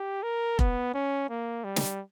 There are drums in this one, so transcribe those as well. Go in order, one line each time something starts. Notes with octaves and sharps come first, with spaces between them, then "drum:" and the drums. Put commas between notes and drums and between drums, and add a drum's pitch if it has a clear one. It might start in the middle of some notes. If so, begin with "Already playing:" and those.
Already playing: G4
A#4
B3, drum: kick F1
C#4
A#3
G3
drum: snare